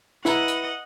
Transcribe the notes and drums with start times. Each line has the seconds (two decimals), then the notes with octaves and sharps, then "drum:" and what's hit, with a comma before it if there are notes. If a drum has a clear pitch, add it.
0.25 E4 B4 D#5 F#5 A#5, drum: snare
0.48 drum: hi-hat